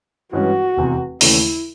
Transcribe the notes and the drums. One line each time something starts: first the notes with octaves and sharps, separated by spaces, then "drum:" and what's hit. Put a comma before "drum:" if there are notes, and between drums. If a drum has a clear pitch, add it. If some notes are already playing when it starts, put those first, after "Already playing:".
G2 E3 G#3 C#4 F#4
F1 E2 C3 E3
D#2 C#3 E3 A3 E4, drum: open hi-hat